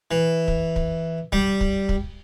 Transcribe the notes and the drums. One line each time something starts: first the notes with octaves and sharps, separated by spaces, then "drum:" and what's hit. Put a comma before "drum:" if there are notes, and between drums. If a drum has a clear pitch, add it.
E3
drum: kick
drum: kick
G3, drum: kick
drum: kick
drum: kick